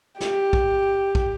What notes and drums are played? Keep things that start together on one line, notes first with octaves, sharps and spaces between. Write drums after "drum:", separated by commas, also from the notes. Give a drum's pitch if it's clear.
G4, drum: snare
drum: kick
drum: kick